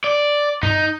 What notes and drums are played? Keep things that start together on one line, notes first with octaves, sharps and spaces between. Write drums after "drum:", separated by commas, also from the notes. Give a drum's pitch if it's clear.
D5
D#4, drum: tom